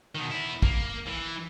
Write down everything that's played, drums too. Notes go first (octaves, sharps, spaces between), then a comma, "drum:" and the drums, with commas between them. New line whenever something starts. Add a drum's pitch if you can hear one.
B2 D#3
B3 E4
A#3, drum: kick
E3